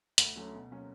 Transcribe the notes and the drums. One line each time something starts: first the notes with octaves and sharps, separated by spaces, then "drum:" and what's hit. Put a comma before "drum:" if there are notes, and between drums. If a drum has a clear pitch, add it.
D2, drum: hi-hat
D3 F#3 A3 C#4
B2
F#3 A#3 C#4